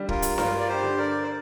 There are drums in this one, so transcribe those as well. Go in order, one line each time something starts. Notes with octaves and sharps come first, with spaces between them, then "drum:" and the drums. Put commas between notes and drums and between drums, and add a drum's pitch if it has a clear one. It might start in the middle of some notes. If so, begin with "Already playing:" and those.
Already playing: D3 G3
F4 A#4, drum: kick
drum: hi-hat
G2 F4 A#4, drum: snare D4
D5
G4 C5
D3
A#4 D5
C5